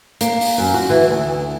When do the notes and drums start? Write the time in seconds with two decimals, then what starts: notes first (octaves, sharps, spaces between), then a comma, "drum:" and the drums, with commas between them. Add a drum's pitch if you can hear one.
0.21 A#3, drum: hi-hat
0.41 drum: open hi-hat
0.58 F#2
0.74 F#4
0.90 E3
1.08 D2